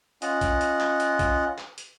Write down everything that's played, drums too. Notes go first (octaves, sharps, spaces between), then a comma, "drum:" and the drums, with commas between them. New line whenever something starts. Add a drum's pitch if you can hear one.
C#4 F4 D#5 F#5, drum: hi-hat
drum: kick B1, hi-hat
drum: hi-hat
drum: clap
drum: hi-hat
drum: kick B1, hi-hat
drum: clap
drum: hi-hat